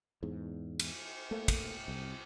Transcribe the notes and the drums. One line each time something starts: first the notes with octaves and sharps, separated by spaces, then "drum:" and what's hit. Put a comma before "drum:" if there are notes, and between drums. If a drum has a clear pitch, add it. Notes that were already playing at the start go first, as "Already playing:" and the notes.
E2 G#2
drum: cymbal
A3 A#3
drum: kick, cymbal
C2